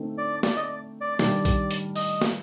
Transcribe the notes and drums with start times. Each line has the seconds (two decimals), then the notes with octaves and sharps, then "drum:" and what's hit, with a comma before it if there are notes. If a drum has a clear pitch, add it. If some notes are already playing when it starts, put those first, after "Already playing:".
Already playing: D3 A3 C4 D#4 A4
0.18 D5
0.43 D5, drum: snare
0.56 D#5
0.62 D5
1.01 D5
1.19 D#3 G3 D4 G4 A#4 D5, drum: snare
1.45 drum: kick A#1, hi-hat
1.71 drum: hi-hat
1.96 D#5, drum: open hi-hat
2.21 drum: snare